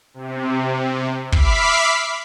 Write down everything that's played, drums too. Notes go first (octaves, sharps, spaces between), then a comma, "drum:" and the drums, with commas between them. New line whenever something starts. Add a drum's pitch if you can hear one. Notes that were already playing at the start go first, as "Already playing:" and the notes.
C3
E5 B5 D6 F6 B6 C7, drum: kick